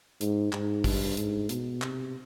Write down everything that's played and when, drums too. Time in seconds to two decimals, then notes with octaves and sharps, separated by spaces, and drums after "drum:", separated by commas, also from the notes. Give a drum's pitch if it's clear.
0.21 G#2, drum: hi-hat
0.53 G#2, drum: clap
0.84 G2, drum: kick, open hi-hat
1.17 G#2, drum: hi-hat
1.49 B2, drum: hi-hat
1.82 C3, drum: clap